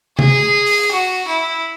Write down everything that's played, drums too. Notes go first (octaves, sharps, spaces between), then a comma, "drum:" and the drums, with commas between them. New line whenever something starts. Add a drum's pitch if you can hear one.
G#4, drum: tom C3
drum: open hi-hat
F#4
E4, drum: tambourine